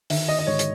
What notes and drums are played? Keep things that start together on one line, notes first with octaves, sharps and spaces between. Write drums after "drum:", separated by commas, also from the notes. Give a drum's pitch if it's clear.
D#3 E5, drum: open hi-hat
D#5
D#5
G#2 C#5
drum: hi-hat